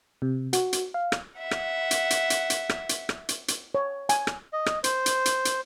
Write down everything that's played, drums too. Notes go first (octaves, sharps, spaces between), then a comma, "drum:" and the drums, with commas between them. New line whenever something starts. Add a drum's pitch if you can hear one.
C3
F#4, drum: hi-hat
drum: hi-hat
F5
drum: rim click
E5 F#5
drum: rim click
drum: hi-hat
drum: hi-hat
drum: hi-hat
drum: hi-hat
drum: rim click
drum: hi-hat
drum: rim click
drum: hi-hat
drum: hi-hat
C#5
G#5, drum: hi-hat
drum: rim click
D#5
drum: rim click
C5, drum: hi-hat
drum: hi-hat
drum: hi-hat
drum: hi-hat